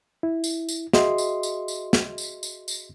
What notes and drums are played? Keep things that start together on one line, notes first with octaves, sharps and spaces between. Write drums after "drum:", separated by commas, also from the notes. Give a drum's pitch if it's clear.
E4
drum: tambourine
drum: tambourine
F#4 G#4 D#5 E5 C6, drum: snare
drum: tambourine
drum: tambourine
drum: tambourine
drum: snare
drum: tambourine
drum: tambourine
drum: tambourine